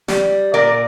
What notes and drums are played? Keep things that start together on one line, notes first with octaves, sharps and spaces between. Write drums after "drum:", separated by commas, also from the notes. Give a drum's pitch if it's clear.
G3, drum: snare
A#2 A#4 D5